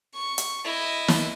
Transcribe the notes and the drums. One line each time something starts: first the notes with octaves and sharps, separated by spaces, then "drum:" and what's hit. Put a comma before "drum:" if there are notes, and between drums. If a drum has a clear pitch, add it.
C#6
drum: hi-hat
E4 D#5
drum: snare